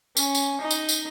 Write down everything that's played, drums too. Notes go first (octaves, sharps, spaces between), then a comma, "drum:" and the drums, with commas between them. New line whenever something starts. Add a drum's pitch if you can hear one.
C#4, drum: tambourine
drum: tambourine
D#4
drum: tambourine
drum: tambourine